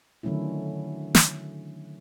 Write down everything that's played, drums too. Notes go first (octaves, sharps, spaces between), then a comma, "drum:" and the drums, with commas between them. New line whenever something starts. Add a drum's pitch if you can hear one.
D3 D#3 F#3 A3 C#4 E4
drum: snare